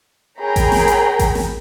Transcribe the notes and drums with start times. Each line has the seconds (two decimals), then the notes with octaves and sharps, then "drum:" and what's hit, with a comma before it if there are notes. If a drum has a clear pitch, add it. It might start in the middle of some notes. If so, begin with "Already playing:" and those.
0.40 G#4 A#4 C#5 G5 A#5 B5
0.56 drum: kick A1, hi-hat
0.72 drum: snare
0.88 drum: hi-hat
1.19 drum: kick A1, hi-hat
1.35 drum: snare